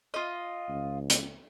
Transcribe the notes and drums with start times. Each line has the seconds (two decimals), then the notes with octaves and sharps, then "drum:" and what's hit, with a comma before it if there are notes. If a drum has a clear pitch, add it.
0.14 F4 D#5
0.69 C#2
1.10 drum: hi-hat